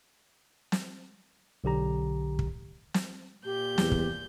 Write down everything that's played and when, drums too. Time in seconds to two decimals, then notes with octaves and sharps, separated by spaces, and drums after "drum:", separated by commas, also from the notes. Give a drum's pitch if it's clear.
0.72 drum: snare
1.64 B1 D3 G4 A#5
2.39 drum: kick
2.94 drum: snare
3.45 A#2 G4 G6
3.78 E2, drum: snare
3.92 drum: kick